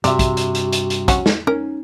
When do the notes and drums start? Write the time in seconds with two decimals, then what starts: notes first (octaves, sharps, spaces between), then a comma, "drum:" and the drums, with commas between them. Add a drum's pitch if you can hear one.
0.04 G2 C3 F#4 D5 E5, drum: hi-hat
0.19 drum: kick, hi-hat
0.37 drum: hi-hat
0.55 drum: hi-hat
0.73 drum: hi-hat
0.90 drum: hi-hat
1.08 F#3 C#4 F#5, drum: kick, hi-hat
1.26 drum: snare
1.47 C#4 D#4 A#4